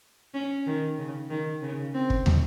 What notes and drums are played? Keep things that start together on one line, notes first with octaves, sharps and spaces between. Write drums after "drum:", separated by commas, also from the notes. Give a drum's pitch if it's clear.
C#4
D#3
C#3
D#3
C#3
C4
drum: kick
drum: tom